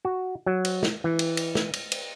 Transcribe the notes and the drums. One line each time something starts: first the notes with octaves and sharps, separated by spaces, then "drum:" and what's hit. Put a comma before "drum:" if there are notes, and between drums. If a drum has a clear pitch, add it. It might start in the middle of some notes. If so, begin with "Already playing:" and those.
F#4
F#3
drum: cymbal
drum: snare
E3
drum: cymbal
drum: cymbal
drum: snare
drum: cymbal
drum: cymbal